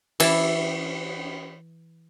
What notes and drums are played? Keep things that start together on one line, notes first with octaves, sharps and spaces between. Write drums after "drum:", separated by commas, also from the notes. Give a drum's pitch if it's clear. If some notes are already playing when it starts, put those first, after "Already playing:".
E3 E4 D5 E5, drum: cymbal